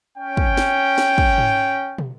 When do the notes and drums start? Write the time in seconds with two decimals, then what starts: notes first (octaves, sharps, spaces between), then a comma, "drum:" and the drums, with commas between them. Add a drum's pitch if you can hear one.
0.17 C#4 G5
0.37 drum: kick
0.57 drum: snare
0.98 drum: snare
1.18 drum: kick
1.38 drum: tom G#2
1.98 drum: tom